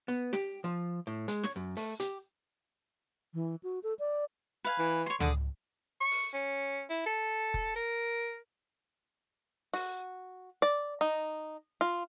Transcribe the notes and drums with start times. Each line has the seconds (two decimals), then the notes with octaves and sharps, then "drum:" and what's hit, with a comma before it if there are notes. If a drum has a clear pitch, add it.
0.08 B3
0.33 G4, drum: snare
0.64 F3
1.07 A2
1.28 G#3, drum: hi-hat
1.44 C#5, drum: snare
1.56 F#2
1.77 A3, drum: open hi-hat
2.00 G4, drum: hi-hat
3.34 E3
3.63 F#4
3.83 A4
3.99 D5
4.65 B4 F5 G#5
4.79 E3
5.06 C#5 C6
5.20 D3 G#4 D6 D#6, drum: tom C#2
6.01 C#6
6.11 drum: open hi-hat
6.34 C#4
6.90 E4
7.06 A4
7.54 drum: kick F1
7.76 A#4
9.73 F#4, drum: open hi-hat
10.62 D5
11.01 D#4
11.81 F4